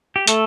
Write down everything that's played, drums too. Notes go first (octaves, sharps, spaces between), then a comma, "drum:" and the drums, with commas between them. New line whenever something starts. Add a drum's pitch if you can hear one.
G4
A3 A4, drum: hi-hat